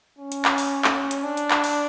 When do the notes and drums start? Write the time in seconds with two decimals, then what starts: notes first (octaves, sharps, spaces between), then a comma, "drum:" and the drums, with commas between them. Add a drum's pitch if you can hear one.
0.18 C#4
0.32 drum: hi-hat
0.45 drum: clap
0.58 drum: open hi-hat
0.84 drum: clap
1.11 drum: hi-hat
1.24 D4
1.37 drum: hi-hat
1.51 drum: clap
1.64 drum: open hi-hat